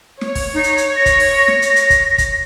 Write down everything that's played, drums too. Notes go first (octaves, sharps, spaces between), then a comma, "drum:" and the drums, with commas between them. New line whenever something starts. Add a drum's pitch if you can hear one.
C#5, drum: snare
drum: kick, open hi-hat
D#4
drum: hi-hat
drum: hi-hat
A#6
drum: kick, hi-hat
drum: open hi-hat
drum: snare
drum: hi-hat
drum: hi-hat
drum: kick, hi-hat
drum: kick, hi-hat